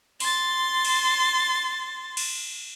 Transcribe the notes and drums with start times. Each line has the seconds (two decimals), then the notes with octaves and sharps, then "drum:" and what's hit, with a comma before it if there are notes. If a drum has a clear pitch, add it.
0.20 C6 A6, drum: open hi-hat
0.85 drum: cymbal
2.17 drum: cymbal